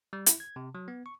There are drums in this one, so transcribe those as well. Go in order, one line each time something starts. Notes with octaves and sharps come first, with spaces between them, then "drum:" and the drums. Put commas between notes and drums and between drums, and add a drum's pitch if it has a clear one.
G3
E4, drum: hi-hat
G#6
C3
F#3
B3
C#6